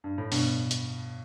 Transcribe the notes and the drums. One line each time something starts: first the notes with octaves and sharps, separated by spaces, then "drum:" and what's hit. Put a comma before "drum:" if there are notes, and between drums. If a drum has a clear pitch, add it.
G2
A2
G2 B2, drum: open hi-hat
drum: hi-hat